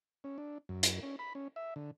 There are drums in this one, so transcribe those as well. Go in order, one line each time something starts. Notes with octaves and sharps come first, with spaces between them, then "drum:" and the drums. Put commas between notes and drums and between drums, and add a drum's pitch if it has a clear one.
C#4
D4
F#2
drum: hi-hat
C#4
B5
C#4
E5
D3